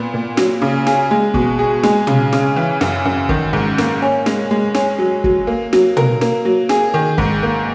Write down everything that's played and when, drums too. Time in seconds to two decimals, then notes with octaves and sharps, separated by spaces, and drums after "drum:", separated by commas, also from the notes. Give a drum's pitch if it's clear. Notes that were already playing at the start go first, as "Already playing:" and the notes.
Already playing: A#2 B3
0.14 A#2
0.37 F#3, drum: snare
0.62 C#3
0.87 G#4, drum: snare
1.11 G#3
1.34 B2, drum: kick
1.59 G#4
1.83 G#3, drum: snare
2.07 C#3, drum: tom
2.32 C#3, drum: snare
2.56 E3
2.81 F#2, drum: snare
3.05 F#2
3.29 D#3, drum: kick
3.53 G#2
3.78 A#3, drum: snare
4.02 C#4
4.26 G#3, drum: snare
4.51 G#3
4.74 C#4, drum: snare
4.99 F#3
5.24 F#3, drum: kick
5.47 A#3
5.73 F#3, drum: snare
5.97 A#4, drum: tom
6.21 A#3, drum: snare
6.45 F#3
6.69 G#4, drum: snare
6.94 D#3
7.18 G#2, drum: kick
7.43 A#3